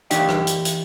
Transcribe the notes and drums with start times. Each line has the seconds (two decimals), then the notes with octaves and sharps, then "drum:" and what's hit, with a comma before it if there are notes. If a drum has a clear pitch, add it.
0.11 E3 D#4 G4 D5 G5, drum: hi-hat
0.29 drum: rim click
0.47 drum: hi-hat
0.65 drum: hi-hat